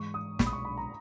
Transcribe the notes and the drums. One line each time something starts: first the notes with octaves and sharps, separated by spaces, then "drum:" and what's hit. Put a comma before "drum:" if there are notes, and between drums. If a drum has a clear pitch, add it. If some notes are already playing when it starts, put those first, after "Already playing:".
Already playing: G#2 E3 G#3 C#6
D#6
B1 A#2 G#3 B5, drum: snare
D#6
C#6
B5
A#5